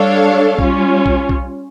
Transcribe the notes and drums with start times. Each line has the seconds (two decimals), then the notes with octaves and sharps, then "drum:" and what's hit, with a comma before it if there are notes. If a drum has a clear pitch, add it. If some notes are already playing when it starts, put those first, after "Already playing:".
Already playing: G3 D4 A4 C#5 F5
0.59 G3 C#4 F4, drum: kick B1
1.06 drum: kick B1
1.29 drum: kick B1